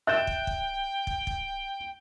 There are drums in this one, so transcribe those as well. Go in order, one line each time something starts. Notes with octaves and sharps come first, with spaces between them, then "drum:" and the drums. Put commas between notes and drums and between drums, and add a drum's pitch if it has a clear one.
E5 G5 F#6 G6 E7
drum: kick
drum: kick
drum: kick
drum: kick